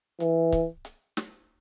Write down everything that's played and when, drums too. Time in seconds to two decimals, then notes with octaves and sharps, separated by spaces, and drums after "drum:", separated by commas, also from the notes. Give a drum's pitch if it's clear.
0.20 E3, drum: hi-hat
0.52 drum: kick, hi-hat
0.85 drum: hi-hat
1.17 drum: snare